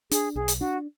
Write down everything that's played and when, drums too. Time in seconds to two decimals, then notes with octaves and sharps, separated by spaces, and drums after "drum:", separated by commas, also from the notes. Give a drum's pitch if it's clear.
0.11 D4 G#4, drum: hi-hat
0.35 B1 G#4
0.48 drum: hi-hat
0.60 D4 F#4